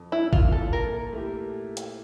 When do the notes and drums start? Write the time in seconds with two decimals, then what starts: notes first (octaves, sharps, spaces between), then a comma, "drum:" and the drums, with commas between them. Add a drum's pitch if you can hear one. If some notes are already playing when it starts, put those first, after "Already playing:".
Already playing: F2
0.12 E4
0.33 E3 A#3 F4, drum: kick G#1
0.52 A4
0.72 A#2 A#4
1.13 A3 E4 G4
1.77 drum: hi-hat